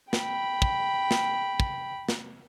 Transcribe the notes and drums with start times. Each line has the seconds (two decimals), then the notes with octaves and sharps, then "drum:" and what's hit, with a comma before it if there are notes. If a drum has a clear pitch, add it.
0.13 G5 B5, drum: snare
0.62 drum: kick
1.11 drum: snare
1.60 drum: kick
2.09 drum: snare